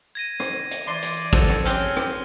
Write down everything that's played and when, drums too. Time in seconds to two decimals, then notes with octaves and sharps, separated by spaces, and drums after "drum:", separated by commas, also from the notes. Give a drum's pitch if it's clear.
0.15 G#6 A#6 D#7
0.40 drum: rim click
0.71 drum: hi-hat
0.87 E3 D5 C6
1.02 drum: hi-hat
1.33 F3 A4 F#5, drum: kick, hi-hat
1.50 drum: rim click
1.66 C4 C#4 G4 G#4 F6 F#6, drum: hi-hat
1.97 drum: rim click